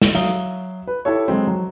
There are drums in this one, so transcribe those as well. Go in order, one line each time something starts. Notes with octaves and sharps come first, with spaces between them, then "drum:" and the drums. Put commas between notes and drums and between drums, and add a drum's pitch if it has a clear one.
E7, drum: snare
F#3 E5 F5 D#6 G7
B4
E4 G4 A4 C#5
F#3 G#3 C4
F#3